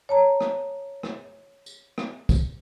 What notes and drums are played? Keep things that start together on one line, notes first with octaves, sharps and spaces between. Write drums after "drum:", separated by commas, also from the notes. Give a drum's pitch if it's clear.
C#5 A5 A#5
drum: rim click
drum: rim click
drum: tambourine
drum: rim click
drum: kick, tambourine